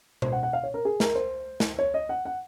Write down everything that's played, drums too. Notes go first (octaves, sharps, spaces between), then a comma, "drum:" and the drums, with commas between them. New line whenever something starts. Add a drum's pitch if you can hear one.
C5, drum: tom B2
F#5
F#5
F5
C#5
A#4
G#4
A#4, drum: snare
C5
drum: snare
C#5
D#5
F#5
F#5